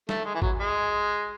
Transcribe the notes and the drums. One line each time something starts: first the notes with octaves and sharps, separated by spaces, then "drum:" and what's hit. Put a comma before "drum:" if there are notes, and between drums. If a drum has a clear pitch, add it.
A3, drum: snare
G#3
E3
F#3, drum: kick G#1
G#3